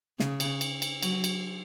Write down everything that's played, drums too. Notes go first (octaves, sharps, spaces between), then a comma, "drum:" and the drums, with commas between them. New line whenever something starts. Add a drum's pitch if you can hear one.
C#3, drum: snare
drum: cymbal
drum: cymbal
drum: cymbal
F#3, drum: cymbal
drum: cymbal